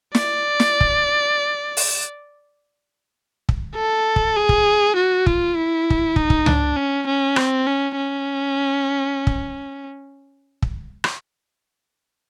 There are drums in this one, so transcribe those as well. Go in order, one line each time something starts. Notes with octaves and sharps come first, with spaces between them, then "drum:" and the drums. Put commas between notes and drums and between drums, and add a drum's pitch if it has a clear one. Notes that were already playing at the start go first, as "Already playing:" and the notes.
D5, drum: snare
drum: snare
drum: kick
drum: open hi-hat
drum: kick
A4
drum: kick
G#4
drum: kick
F#4
F4, drum: kick
E4
drum: kick
D#4, drum: kick
drum: kick
D4, drum: tom C#2
C#4
C#4
C4, drum: rim click
C#4
C#4
drum: kick
drum: kick
drum: rim click